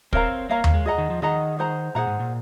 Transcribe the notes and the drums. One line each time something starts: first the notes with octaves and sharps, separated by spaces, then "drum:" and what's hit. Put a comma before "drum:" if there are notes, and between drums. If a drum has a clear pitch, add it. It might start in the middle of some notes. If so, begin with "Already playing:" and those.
C4 A#4 C#5 F5 A#5, drum: kick
A#3 A#4 C#5 F5 A#5
drum: tom D#2
G#3
G#4 D#5 F#5 A#5
D#3
F3
D#3 G#4 D#5 F#5 A#5
G#4 C5 F#5 A#5
A#2 G#4 C5 F#5 A#5
G#2
A#2